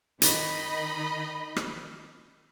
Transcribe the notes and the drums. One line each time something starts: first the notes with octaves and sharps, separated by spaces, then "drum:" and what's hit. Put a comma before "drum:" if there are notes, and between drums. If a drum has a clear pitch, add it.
D#3 D#4 D#5 B5, drum: hi-hat
drum: rim click